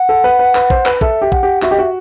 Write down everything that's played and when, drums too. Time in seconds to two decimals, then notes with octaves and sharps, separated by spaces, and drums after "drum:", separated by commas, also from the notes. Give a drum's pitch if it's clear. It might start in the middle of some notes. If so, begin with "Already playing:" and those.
Already playing: F#5
0.09 A4
0.24 B4
0.39 B4
0.55 B4, drum: clap
0.70 C5, drum: kick
0.86 B4, drum: clap
1.01 A4 E5, drum: kick
1.22 G4
1.32 F#5, drum: kick
1.43 G4
1.62 F#4 E5, drum: clap
1.71 G4 D#5
1.79 F#4 E5